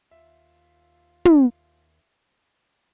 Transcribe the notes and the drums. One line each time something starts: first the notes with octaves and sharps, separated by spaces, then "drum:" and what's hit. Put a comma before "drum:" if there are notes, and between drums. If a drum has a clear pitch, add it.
D#2 F4 E5
drum: tom